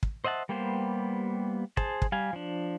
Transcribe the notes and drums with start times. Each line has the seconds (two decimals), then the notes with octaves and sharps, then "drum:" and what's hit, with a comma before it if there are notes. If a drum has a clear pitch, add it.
0.03 drum: kick
0.24 C5 D#5 E5 F#5 A5
0.49 G3 A#3 B3 G4 C5
1.77 G#4 C5 A5, drum: kick
2.02 drum: kick
2.12 G3 F5 G#5
2.33 F3 D4